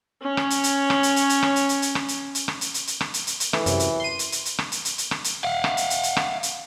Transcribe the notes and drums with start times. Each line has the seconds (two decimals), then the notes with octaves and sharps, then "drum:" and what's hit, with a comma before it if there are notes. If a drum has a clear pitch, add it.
0.22 C#4 C#5
0.37 drum: rim click
0.50 drum: hi-hat
0.64 drum: hi-hat
0.90 drum: rim click
1.03 drum: hi-hat
1.16 drum: hi-hat
1.29 drum: hi-hat
1.43 drum: rim click
1.56 drum: hi-hat
1.69 drum: hi-hat
1.82 drum: hi-hat
1.95 drum: rim click
2.08 drum: hi-hat
2.35 drum: hi-hat
2.48 drum: rim click
2.61 drum: hi-hat
2.74 drum: hi-hat
2.87 drum: hi-hat
3.01 drum: rim click
3.14 drum: hi-hat
3.27 drum: hi-hat
3.40 drum: hi-hat
3.53 E3 A3, drum: rim click
3.66 F#2 C3, drum: hi-hat
3.80 drum: hi-hat
4.00 C6 D#7
4.19 drum: hi-hat
4.32 drum: hi-hat
4.45 drum: hi-hat
4.59 drum: rim click
4.72 drum: hi-hat
4.85 drum: hi-hat
4.98 drum: hi-hat
5.11 drum: rim click
5.24 drum: hi-hat
5.44 F5 F#5
5.64 drum: rim click
5.77 drum: hi-hat
5.90 drum: hi-hat
6.03 drum: hi-hat
6.17 drum: rim click
6.43 drum: hi-hat